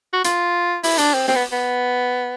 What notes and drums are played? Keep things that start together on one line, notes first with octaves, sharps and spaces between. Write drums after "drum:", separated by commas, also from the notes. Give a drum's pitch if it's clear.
F#4
F4, drum: hi-hat
E4, drum: open hi-hat
D4, drum: hi-hat
C4
C4, drum: snare
B3
B3